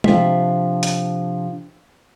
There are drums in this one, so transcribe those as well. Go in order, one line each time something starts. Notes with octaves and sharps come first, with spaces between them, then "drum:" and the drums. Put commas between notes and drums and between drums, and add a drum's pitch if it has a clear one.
C3 F3 D4 E5, drum: tom
drum: hi-hat